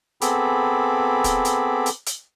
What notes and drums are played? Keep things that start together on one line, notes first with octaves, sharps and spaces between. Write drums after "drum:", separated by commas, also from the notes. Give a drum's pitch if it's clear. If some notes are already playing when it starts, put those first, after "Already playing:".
B3 C4 G#4 A4 B5 D6, drum: hi-hat
drum: kick, hi-hat
drum: hi-hat
drum: hi-hat
drum: hi-hat